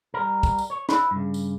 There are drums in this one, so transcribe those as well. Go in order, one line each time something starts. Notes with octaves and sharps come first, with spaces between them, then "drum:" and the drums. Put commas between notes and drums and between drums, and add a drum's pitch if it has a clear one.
G3 A#4
drum: kick, tambourine
drum: tambourine
C#5
E4 B4, drum: snare
G2 C#3
drum: tambourine